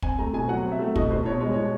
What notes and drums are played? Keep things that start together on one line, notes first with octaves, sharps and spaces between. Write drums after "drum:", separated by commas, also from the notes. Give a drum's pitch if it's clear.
C4 G#5, drum: kick
A3 A#5
B2 G#5
F#3 F#5
C4
E5
A3
B2 D#5, drum: kick
B3 C5
B2 C#5
G#3 C#5
B2 C#5